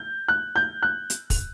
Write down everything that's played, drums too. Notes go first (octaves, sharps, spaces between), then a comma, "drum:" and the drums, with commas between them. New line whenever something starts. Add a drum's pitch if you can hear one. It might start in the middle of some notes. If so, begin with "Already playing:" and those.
Already playing: G6
F#6
G6
F#6
drum: hi-hat
drum: kick, open hi-hat